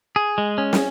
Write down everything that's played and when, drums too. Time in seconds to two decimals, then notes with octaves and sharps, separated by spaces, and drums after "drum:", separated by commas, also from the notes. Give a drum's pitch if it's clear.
0.16 G#4
0.38 G#3
0.58 C#4
0.73 drum: snare